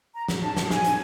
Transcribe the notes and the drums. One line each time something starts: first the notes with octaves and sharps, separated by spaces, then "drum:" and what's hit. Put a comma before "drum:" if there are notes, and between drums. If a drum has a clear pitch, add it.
A#5
drum: snare
A5
drum: snare
G#5, drum: snare
drum: hi-hat